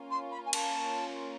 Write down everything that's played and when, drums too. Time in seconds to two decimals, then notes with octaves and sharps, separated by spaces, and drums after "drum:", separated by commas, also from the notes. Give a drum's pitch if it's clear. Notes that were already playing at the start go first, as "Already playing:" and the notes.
Already playing: A#3 C#4 F4
0.10 C6
0.31 B5
0.46 G#5
0.53 A5, drum: cymbal